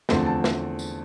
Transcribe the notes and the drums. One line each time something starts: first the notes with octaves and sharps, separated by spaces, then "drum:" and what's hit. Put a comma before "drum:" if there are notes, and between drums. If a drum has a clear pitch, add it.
E2 D3 F3 A3 C4 C6, drum: snare
A5
drum: snare
drum: tambourine